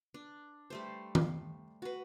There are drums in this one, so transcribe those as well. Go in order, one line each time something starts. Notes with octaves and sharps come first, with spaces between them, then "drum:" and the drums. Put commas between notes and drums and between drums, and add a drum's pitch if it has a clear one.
D4
G3 A3 C5
drum: tom D#3
F#4 B4